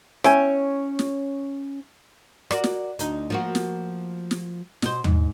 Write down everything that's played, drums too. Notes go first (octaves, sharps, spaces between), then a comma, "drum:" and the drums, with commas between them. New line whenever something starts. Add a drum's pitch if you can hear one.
C#4 E4 C#5 G5 G#5, drum: rim click
drum: snare
F#4 A#4 D5, drum: rim click
drum: snare
D2 D#4, drum: hi-hat
F3 A#3 F#4
drum: snare
drum: snare
B2 C5, drum: snare
G#2, drum: tom D#2